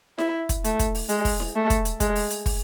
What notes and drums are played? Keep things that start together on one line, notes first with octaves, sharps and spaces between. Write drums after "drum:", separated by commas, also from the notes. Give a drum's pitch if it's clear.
E4, drum: snare E4
drum: kick, hi-hat
A3, drum: hi-hat
drum: kick, hi-hat
drum: open hi-hat
G#3, drum: hi-hat
drum: kick, open hi-hat
drum: snare E4
A3
drum: kick, hi-hat
drum: hi-hat
G#3, drum: kick, hi-hat
drum: open hi-hat
drum: hi-hat
drum: kick, open hi-hat